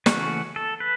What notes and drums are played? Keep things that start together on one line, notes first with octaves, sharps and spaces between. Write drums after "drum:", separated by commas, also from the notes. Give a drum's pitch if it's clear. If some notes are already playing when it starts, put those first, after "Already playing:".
C#3 E3 A3 C#4 F#4, drum: snare
A4
B4